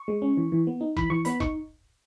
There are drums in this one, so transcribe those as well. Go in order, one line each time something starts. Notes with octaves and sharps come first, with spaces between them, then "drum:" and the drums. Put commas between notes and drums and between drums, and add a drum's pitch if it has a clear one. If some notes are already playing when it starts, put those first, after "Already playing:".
Already playing: C#6
G#3
C#4
E3
E3
B3
D#4
E3 B5, drum: kick E1
E3 C#6
B3 B5, drum: hi-hat
D#4 C#6, drum: kick E1